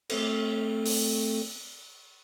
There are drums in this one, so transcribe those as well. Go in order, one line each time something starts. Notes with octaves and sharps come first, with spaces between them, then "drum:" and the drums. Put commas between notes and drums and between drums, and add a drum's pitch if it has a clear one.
A3 C4 A4, drum: cymbal
drum: open hi-hat